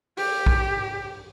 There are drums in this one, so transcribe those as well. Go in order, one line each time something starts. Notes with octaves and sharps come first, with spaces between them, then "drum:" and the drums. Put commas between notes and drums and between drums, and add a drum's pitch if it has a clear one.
G4, drum: open hi-hat
drum: kick